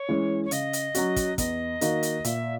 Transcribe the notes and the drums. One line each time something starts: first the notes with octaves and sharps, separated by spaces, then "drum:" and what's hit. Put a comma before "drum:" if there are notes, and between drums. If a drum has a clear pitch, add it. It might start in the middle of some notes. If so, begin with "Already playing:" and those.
Already playing: C#5
E3 G#3 C#4
C#5
C#3 D#5, drum: hi-hat
drum: hi-hat
F#3 C#4 F#4, drum: hi-hat
drum: kick, hi-hat
E2 D#5, drum: kick, hi-hat
D#3 A#3 D#4 F#4, drum: hi-hat
drum: hi-hat
A#2 E5, drum: hi-hat